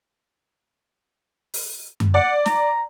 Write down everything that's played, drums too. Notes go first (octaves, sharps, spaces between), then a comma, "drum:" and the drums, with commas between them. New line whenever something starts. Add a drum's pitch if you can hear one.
drum: open hi-hat
drum: tom F#2
D5 F#5
A#5, drum: snare